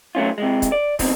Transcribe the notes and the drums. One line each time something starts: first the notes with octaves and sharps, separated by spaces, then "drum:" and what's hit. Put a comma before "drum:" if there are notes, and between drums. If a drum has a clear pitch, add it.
F#3 A3 C#4 F4
C3 G#3
drum: kick, hi-hat
D5
B2 D#3 F3 C4, drum: kick, open hi-hat